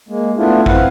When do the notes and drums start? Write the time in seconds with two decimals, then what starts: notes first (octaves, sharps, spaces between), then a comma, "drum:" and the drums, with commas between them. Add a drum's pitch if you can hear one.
0.09 G#3 A#3
0.37 A3 B3 D4 E4 F4
0.66 C4 E4 B4 F5 F#5, drum: kick